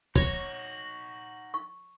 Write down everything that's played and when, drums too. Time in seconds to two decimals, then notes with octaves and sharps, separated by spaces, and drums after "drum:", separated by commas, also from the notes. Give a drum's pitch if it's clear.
0.15 D#4 F#4 C#5, drum: kick
1.54 C#6